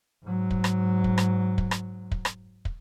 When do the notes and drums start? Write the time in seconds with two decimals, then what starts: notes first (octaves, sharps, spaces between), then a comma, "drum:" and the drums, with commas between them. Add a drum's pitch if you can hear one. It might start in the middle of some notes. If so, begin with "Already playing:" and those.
0.24 G#2 F#3
0.51 drum: kick
0.64 drum: rim click
1.04 drum: kick
1.18 drum: rim click
1.58 drum: kick
1.71 drum: rim click
2.11 drum: kick
2.25 drum: rim click
2.65 drum: kick